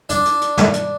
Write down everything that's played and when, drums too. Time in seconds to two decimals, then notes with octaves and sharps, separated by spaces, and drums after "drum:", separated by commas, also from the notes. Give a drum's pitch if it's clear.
0.09 D4, drum: hi-hat
0.25 drum: hi-hat
0.41 drum: hi-hat
0.57 drum: snare
0.73 drum: hi-hat